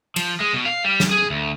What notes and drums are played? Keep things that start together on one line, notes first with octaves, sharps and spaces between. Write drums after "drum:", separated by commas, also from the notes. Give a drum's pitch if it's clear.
F3, drum: cymbal
G#3
B2
F5
G3
drum: snare
G#4
D2